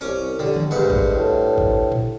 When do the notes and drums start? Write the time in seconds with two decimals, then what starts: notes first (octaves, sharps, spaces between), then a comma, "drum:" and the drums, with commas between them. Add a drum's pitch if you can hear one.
0.01 C2 C#4 D6
0.39 D3 G4
0.56 drum: tom D3
0.71 D2 G2 G#3 F#5
0.90 drum: kick
1.16 A2
1.58 drum: kick
1.92 drum: tom A2